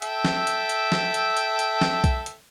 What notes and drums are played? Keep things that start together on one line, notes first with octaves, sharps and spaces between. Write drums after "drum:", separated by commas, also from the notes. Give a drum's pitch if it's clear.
A4 E5 G5, drum: hi-hat
drum: snare
drum: hi-hat
drum: hi-hat
drum: snare
drum: hi-hat
drum: hi-hat
drum: hi-hat
drum: snare
drum: kick B1, hi-hat
drum: hi-hat